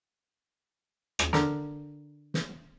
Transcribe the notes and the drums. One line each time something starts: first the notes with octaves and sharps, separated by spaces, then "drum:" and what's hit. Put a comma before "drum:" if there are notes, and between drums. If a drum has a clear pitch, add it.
drum: rim click
D3 A#4, drum: snare
drum: snare